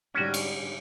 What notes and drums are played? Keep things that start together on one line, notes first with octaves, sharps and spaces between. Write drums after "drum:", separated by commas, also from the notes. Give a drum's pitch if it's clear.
G#2 D3 G3 C#4 F#4
drum: cymbal